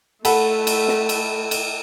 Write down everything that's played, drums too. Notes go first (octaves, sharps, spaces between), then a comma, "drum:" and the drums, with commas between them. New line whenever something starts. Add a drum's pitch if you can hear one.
A3 A4 F#5 B5, drum: cymbal
drum: cymbal
drum: snare
drum: cymbal
drum: cymbal